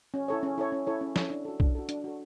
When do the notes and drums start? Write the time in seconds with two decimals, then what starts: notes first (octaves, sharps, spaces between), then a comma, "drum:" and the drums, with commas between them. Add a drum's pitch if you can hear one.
0.14 C#4
0.28 E4 A4 C#5
0.43 C#4
0.58 E4 A4 C#5
0.72 C#4
0.87 E4 A4 C#5
1.01 C#4
1.16 E4 A4 C#5, drum: snare
1.30 D4
1.45 F#4 A4
1.60 D4, drum: kick B1
1.75 F#4 A4
1.89 D4, drum: hi-hat
2.04 F#4 A4